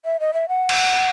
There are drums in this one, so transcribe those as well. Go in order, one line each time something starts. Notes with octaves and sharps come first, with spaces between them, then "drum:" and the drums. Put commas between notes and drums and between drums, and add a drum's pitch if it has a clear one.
E5
D#5
E5
F#5
drum: cymbal